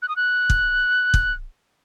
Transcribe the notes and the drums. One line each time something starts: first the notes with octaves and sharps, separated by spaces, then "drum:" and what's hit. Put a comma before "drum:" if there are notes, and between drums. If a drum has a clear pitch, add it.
F#6
D#6
F#6
drum: kick
drum: kick